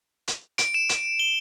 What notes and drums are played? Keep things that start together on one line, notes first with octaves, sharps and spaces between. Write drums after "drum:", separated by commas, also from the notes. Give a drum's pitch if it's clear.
drum: hi-hat
D7, drum: hi-hat
E7
drum: hi-hat
G7